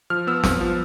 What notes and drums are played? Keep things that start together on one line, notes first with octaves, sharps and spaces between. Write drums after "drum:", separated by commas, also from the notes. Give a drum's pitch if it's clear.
F3 F6
B3 E6
B3, drum: snare
F3